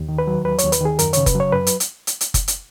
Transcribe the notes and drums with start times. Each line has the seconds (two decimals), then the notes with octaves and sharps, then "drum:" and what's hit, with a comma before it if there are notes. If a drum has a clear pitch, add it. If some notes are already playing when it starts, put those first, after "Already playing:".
Already playing: D#2
0.08 D#3
0.18 B4
0.27 F#3
0.45 D#2 B4
0.58 C#5, drum: hi-hat
0.64 D#2
0.72 B4, drum: hi-hat
0.81 D#3 G#4
0.99 F#2 A#4, drum: hi-hat
1.13 C#3 C#5, drum: hi-hat
1.26 B4, drum: kick F#1, hi-hat
1.35 F#3 C#5
1.52 F#2 B4
1.67 drum: hi-hat
1.80 drum: hi-hat
2.07 drum: hi-hat
2.21 drum: hi-hat
2.34 drum: kick F#1, hi-hat
2.48 drum: hi-hat